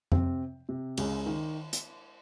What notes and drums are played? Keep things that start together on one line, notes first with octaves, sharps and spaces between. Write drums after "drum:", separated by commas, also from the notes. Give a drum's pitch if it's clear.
C3 C4, drum: tom F2
C3
C#2 C#3, drum: cymbal
D#3
drum: hi-hat